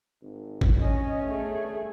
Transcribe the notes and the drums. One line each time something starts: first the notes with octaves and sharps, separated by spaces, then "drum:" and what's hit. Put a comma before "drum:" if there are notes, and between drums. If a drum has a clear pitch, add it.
G#1
drum: kick G#1
C#4 D#5
A3 G#4
G2